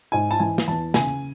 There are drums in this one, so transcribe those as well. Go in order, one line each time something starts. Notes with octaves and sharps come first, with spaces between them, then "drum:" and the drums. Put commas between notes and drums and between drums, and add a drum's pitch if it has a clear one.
G#2 G#5
A5
E3 G#5
drum: snare
E2 A5
C#3 G#5, drum: snare